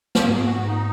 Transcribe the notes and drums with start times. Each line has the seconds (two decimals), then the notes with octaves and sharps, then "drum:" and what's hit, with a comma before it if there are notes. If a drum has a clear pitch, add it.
0.15 drum: snare
0.25 G#2 G#4
0.36 G#4
0.45 F#4
0.55 F#4
0.65 D#4